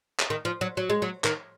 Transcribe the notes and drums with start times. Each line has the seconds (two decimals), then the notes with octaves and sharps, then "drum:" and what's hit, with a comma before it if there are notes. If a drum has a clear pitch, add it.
0.20 drum: clap
0.30 D#3
0.45 F3
0.61 F#3
0.77 F#3
0.90 G#3
1.02 F#3
1.24 D#3, drum: clap